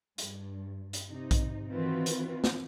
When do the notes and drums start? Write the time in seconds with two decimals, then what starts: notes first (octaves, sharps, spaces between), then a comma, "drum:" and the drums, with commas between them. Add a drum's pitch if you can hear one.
0.18 G2, drum: hi-hat
0.93 drum: hi-hat
1.09 C3 D#4
1.31 drum: kick A#1, hi-hat
1.72 D#3 E3 C4 F4 F#4 B4
2.06 drum: hi-hat
2.44 drum: snare